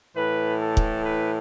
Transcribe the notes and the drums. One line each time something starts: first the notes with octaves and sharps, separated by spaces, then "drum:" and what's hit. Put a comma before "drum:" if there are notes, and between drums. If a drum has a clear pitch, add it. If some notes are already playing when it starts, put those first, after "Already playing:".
A2 E3 B4
A4
drum: kick
B4